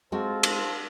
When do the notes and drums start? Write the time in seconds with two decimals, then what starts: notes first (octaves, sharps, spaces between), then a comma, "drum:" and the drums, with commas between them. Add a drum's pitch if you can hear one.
0.12 G#3 C4 F4 F#4 A4 C5
0.43 drum: cymbal